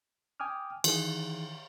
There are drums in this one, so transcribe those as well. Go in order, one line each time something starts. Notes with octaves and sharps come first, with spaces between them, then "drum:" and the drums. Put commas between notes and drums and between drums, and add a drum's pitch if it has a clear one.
G5 G#5 D6 D#6 F6
D#3 E3 G#4, drum: cymbal